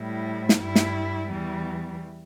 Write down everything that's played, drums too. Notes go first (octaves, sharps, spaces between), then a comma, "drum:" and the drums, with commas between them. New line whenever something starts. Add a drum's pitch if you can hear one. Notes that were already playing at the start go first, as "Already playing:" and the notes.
Already playing: A2 G3 E4
drum: snare
G2 G3 E4
drum: snare
E2 E3 G3